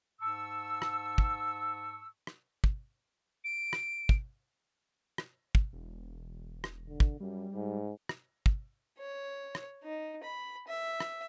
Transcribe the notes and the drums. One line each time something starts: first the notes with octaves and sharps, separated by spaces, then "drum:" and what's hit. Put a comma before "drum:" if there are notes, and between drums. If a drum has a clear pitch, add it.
G#2 A5 C#6 E6
drum: rim click
drum: kick
drum: rim click
drum: kick
D7
drum: rim click
drum: kick
drum: rim click
drum: kick
E1
drum: rim click
D3
drum: kick
F#2 G3
G#2
drum: rim click
drum: kick
C#5
drum: rim click
D#4
B5
E5
drum: rim click